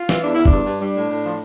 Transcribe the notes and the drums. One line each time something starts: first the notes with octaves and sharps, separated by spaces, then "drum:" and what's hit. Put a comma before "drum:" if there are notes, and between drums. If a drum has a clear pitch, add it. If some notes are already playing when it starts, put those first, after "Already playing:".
Already playing: F4
E3, drum: snare
E2 D4
E2 E4
D4, drum: kick F#1
G2
G2
G3 D4
A2
A2
F3